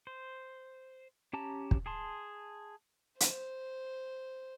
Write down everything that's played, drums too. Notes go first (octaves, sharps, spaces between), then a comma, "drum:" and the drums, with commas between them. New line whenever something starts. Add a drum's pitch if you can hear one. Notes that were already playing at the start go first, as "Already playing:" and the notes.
C5
C#4 G4 A5 A#5
drum: kick
G#4 A5 C6
C5, drum: hi-hat